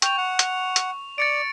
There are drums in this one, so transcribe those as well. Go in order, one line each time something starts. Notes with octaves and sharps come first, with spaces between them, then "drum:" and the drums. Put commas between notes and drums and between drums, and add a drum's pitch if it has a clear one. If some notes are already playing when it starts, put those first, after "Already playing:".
G5 C#6 F7, drum: hi-hat
F#5
drum: hi-hat
drum: hi-hat
D5 A6 C#7 D7